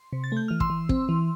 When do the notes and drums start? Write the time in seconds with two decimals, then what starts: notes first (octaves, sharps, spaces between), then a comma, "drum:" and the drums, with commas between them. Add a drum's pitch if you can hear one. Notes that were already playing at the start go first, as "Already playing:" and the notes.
Already playing: C6
0.13 C3
0.24 A6
0.32 A3 G6
0.48 E3 F6
0.60 C6 E6, drum: kick
0.70 E3
0.89 C4, drum: kick
1.09 E3